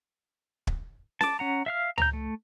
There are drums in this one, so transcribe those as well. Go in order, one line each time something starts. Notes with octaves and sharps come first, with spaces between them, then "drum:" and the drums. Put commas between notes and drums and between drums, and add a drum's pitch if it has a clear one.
drum: kick
A5 D6, drum: snare C#4
C#4 F#5 A#5
E5 F5 F6
A#5 G6, drum: tom
A3